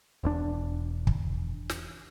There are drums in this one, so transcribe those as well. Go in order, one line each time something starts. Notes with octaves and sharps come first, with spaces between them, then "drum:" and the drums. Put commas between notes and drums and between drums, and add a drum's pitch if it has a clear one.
E1 E2 D4
drum: kick
drum: snare